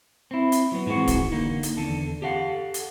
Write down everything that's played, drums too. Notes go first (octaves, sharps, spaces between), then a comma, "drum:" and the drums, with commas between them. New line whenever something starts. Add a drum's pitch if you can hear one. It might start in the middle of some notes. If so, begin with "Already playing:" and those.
C4 E4
drum: hi-hat
F#3 B3
G#2 E3 G#3 C4 F#4
drum: kick, hi-hat
D3 A#3 D#4
drum: hi-hat
E2 D3 A4
G4 A4 F5 F#5
drum: hi-hat